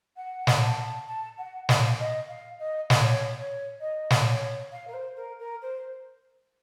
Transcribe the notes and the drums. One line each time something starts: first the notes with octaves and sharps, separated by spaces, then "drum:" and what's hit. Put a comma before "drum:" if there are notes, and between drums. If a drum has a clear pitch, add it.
F#5
drum: snare
A5
A5
F#5
F5, drum: snare
D#5
F5
D#5
C#5, drum: snare
C#5
D#5
drum: snare
C#5
F5
A#4
C5
A#4
A#4
C5